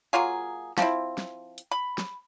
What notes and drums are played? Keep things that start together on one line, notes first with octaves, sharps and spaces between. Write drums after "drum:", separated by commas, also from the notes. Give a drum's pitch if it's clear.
F#3 A#3 F4 G#4
F3 C4 E4, drum: snare
drum: snare
drum: hi-hat
B5
drum: snare